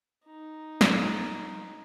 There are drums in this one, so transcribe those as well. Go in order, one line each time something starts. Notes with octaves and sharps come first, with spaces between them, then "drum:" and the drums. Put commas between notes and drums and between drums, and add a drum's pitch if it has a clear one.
D#4
drum: snare